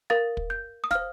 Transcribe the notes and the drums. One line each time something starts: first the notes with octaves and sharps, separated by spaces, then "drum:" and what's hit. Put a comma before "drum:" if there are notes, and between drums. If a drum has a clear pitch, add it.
A#4 F5 A6
drum: kick
G6
D#6
C5 F5 F6, drum: snare